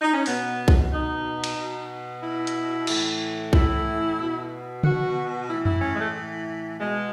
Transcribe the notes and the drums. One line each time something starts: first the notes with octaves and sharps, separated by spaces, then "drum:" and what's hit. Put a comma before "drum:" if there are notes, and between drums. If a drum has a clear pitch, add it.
D#4
C#4
B2 B3, drum: open hi-hat
drum: kick B1
D#4
drum: cymbal
B2
E4
drum: hi-hat
A2 E3, drum: cymbal
E4, drum: kick B1
B2
F#4, drum: tom C#3
A2 E3 E4
E4, drum: tom F2
C#4
G#3
A3
B2 G#3